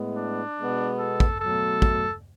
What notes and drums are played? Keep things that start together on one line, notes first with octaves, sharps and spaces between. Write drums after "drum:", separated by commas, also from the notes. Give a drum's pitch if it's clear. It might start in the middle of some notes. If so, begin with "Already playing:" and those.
Already playing: A2 G#3 B3
D4
B2 G#3 B3
A4
drum: kick
B2 F#3 A3 A4
drum: kick